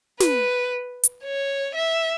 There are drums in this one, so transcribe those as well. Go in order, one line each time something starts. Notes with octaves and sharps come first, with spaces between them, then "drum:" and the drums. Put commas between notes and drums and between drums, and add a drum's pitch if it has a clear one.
B4, drum: snare
drum: hi-hat
C#5
E5